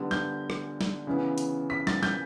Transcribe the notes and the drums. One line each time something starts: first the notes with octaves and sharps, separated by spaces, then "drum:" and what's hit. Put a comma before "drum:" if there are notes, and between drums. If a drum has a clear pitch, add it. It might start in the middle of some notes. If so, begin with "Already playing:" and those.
Already playing: D3 G3 B3
G6, drum: snare
drum: rim click
drum: snare
C#3 E3 B3
drum: hi-hat
B6
A6, drum: snare
G6, drum: snare